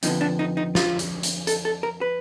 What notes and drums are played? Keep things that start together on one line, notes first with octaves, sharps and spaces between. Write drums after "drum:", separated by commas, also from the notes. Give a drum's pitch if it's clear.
F2 D3 F3 G#3 B3 D#4, drum: hi-hat
D4
D#4
D#4
F4, drum: snare
drum: hi-hat
drum: hi-hat
A4, drum: hi-hat
A4
A#4
B4